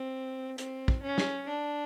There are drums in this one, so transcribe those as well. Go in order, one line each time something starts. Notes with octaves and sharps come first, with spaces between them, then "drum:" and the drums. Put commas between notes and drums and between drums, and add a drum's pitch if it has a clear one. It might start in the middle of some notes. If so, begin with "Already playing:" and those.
Already playing: C4
C4, drum: hi-hat
drum: kick
C#4
drum: snare
D4